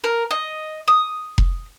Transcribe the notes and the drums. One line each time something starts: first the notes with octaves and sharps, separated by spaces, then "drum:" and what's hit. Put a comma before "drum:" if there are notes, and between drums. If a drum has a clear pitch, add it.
A#4
D#5
D#6
drum: kick F1